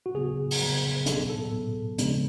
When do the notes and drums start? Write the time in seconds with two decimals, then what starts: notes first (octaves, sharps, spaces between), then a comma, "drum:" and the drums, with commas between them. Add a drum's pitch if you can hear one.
0.06 F#4
0.14 C#3 F#3 B3 G#4
0.51 drum: open hi-hat
0.61 C#3 F#3 B3
1.06 B2 F#3 B3 A4, drum: hi-hat
1.30 A4
1.52 B2 F#3 B3
1.98 C#3 F3 G#3 B3, drum: hi-hat